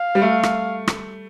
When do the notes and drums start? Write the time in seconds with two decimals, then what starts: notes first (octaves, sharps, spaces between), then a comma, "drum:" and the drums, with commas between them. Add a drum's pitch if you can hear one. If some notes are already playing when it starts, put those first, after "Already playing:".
Already playing: F5
0.15 G3
0.22 A3
0.43 drum: rim click
0.88 drum: rim click